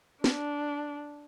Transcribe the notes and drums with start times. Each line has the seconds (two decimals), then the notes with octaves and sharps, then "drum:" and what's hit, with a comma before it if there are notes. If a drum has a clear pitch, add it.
0.24 D4, drum: snare